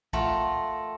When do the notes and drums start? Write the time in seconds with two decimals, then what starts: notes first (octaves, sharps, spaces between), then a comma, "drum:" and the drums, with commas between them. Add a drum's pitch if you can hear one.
0.13 A3 F4 A#4 F#5, drum: kick